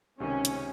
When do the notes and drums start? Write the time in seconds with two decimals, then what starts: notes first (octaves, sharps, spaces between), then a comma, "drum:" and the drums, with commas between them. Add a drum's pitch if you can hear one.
0.20 C#2 C3 D#3 C#4
0.45 drum: hi-hat